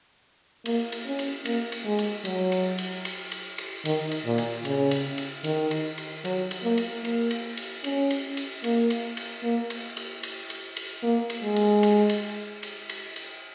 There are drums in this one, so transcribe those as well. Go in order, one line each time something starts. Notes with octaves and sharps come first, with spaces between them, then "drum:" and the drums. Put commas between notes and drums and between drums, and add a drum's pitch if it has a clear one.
A#3, drum: cymbal
drum: cymbal
C#4
drum: cymbal
A#3, drum: cymbal
drum: cymbal
G#3
drum: cymbal
F#3, drum: cymbal
drum: cymbal
drum: cymbal
drum: cymbal
drum: cymbal
drum: cymbal
D#3, drum: cymbal
drum: cymbal
A#2
drum: cymbal
C#3, drum: cymbal
drum: cymbal
drum: cymbal
D#3, drum: cymbal
drum: cymbal
drum: cymbal
F#3, drum: cymbal
drum: cymbal
A#3
drum: cymbal
A#3, drum: cymbal
drum: cymbal
drum: cymbal
C#4, drum: cymbal
drum: cymbal
drum: cymbal
A#3, drum: cymbal
drum: cymbal
drum: cymbal
A#3
drum: cymbal
drum: cymbal
drum: cymbal
drum: cymbal
drum: cymbal
A#3
drum: cymbal
G#3
drum: cymbal
drum: cymbal
drum: cymbal
drum: cymbal
drum: cymbal
drum: cymbal